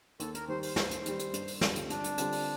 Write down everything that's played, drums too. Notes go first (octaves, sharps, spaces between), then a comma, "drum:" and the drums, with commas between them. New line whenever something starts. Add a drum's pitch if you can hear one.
D#2 A4, drum: hi-hat
A#4, drum: hi-hat
D#3 G3 C5
C5, drum: open hi-hat
D#2, drum: snare
drum: hi-hat
D#3 G3, drum: hi-hat
drum: hi-hat
G2, drum: hi-hat
drum: open hi-hat
D3 G3 C4 F4, drum: snare
drum: hi-hat
G2 D4, drum: hi-hat
drum: hi-hat
D3 G3 C4 F4, drum: hi-hat
drum: open hi-hat